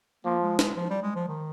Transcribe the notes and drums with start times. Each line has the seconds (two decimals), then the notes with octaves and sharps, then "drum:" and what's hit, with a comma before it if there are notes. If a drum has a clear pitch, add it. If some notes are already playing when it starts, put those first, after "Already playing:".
0.25 F3 A#3
0.43 G#3
0.59 G#3, drum: snare
0.77 F3
0.90 G3
1.03 G#3
1.16 F3
1.29 D#3